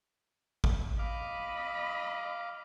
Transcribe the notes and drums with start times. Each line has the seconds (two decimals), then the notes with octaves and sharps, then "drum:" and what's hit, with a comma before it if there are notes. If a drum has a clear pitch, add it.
0.64 drum: kick G#1
0.99 D#5 F5 B5 D6